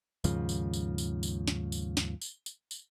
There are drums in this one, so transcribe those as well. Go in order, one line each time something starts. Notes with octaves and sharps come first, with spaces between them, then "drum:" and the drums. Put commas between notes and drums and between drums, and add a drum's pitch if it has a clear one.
D#2 G#2 C#3 F3, drum: tambourine
drum: tambourine
drum: tambourine
drum: tambourine
drum: tambourine
drum: snare
drum: tambourine
drum: snare
drum: tambourine
drum: tambourine
drum: tambourine